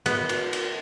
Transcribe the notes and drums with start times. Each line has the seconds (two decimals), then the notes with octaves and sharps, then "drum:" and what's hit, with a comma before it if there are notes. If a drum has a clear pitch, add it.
0.06 B3, drum: cymbal
0.29 drum: cymbal
0.53 drum: cymbal